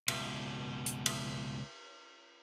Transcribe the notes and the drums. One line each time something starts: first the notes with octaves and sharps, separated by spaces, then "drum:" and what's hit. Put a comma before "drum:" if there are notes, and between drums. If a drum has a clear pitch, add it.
C#2 B2, drum: cymbal
drum: hi-hat
drum: cymbal